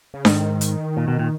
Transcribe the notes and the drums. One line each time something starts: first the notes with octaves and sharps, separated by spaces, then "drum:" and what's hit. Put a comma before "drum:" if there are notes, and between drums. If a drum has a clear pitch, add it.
C#3
G#2 D#3, drum: snare D4
drum: hi-hat
A#2
B2
A#2